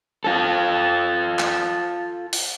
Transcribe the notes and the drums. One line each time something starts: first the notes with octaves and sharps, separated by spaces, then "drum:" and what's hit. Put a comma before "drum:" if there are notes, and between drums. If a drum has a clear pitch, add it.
F4 A4
drum: clap
drum: open hi-hat